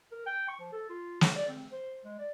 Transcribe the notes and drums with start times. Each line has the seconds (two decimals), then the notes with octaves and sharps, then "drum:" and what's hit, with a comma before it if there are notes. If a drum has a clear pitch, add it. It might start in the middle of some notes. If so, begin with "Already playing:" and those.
0.12 A#4
0.26 G5
0.48 C#6
0.60 F3
0.72 A4
0.89 F4
1.21 F#3, drum: snare
1.36 D5
1.48 C4
1.72 C5
2.05 G#3
2.19 D5